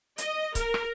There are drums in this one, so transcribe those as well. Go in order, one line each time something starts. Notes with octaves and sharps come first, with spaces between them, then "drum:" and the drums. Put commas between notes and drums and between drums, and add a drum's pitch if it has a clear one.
D#5, drum: hi-hat
A#4, drum: kick C#1, hi-hat
drum: rim click